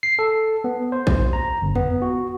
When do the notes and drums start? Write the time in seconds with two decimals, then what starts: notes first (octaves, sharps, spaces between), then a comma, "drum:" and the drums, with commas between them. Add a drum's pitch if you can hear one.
0.03 C7
0.19 A4
0.64 B3
0.92 C5
1.07 drum: kick
1.33 A#5
1.62 G1
1.75 B3, drum: tom E2
2.02 F#4